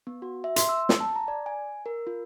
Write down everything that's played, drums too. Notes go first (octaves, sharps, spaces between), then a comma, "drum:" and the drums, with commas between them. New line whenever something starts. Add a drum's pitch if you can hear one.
B3
F#4
E5
C6, drum: hi-hat
E6
drum: snare
A5
A#5
D5
G#5
A#4
F4